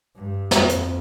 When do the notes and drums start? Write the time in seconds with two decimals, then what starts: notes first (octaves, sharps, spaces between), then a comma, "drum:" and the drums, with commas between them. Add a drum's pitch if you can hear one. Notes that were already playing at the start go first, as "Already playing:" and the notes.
0.16 G2
0.51 F2, drum: snare
0.69 drum: hi-hat